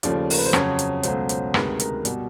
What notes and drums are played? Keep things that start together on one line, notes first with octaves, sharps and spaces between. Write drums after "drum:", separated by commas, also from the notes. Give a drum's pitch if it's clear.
D#2 C#3 F3 A3 D5, drum: hi-hat
A#4, drum: open hi-hat
B4
C5
F2 C#3 F#3 C#5, drum: rim click
drum: hi-hat
C#2 B2 F#3 A3 C5, drum: hi-hat
C5, drum: hi-hat
D2 C3 D#3 G#3 B4, drum: rim click
A#4, drum: hi-hat
B2 G3, drum: hi-hat